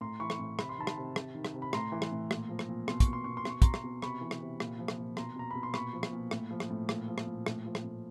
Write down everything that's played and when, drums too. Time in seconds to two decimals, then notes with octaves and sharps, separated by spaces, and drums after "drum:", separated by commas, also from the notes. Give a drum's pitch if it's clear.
0.01 A2 A#5 C6
0.20 E3 B5 C#6
0.30 drum: rim click
0.39 A2
0.59 C3 B5, drum: rim click
0.69 C6
0.78 D#3 A5 B5
0.87 drum: rim click
0.97 C3
1.16 C3, drum: rim click
1.35 D#3
1.45 drum: rim click
1.54 C3
1.62 B5
1.73 A2 A#5 C6, drum: rim click
1.92 E3
2.02 drum: rim click
2.12 A2
2.31 A#2, drum: rim click
2.49 F3
2.59 drum: rim click
2.69 A#2
2.88 B2 C6, drum: rim click
3.00 C#6, drum: kick, hi-hat
3.08 B2
3.13 C6
3.24 B2 C#6
3.37 C6
3.45 B2 C#6, drum: rim click
3.62 B2 A#5 C6, drum: kick, hi-hat
3.74 drum: rim click
3.83 B2
4.02 C3 B5 C#6, drum: rim click
4.21 E3
4.31 drum: rim click
4.40 C3
4.60 A#2, drum: rim click
4.79 F3
4.88 drum: rim click
4.98 A#2
5.17 B2 A#5 C6, drum: rim click
5.36 B2 A#5
5.51 B2 B5
5.63 C6
5.74 A#2 B5 C#6, drum: rim click
5.93 F3
6.03 drum: rim click
6.13 A#2
6.31 A2, drum: rim click
6.51 F3
6.60 drum: rim click
6.70 A2
6.89 A#2, drum: rim click
7.08 F3
7.18 drum: rim click
7.27 A#2
7.46 A2, drum: rim click
7.66 F3
7.75 drum: rim click
7.84 A2